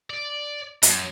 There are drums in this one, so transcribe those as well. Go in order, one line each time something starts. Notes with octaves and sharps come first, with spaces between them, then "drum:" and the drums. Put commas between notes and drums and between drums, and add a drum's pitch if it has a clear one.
D5
F#2, drum: hi-hat